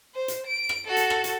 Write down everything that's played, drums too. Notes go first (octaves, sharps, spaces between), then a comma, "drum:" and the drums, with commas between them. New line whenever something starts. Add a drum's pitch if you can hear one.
C5
drum: hi-hat
D7
drum: rim click
F#4 A4
drum: hi-hat
drum: rim click
drum: hi-hat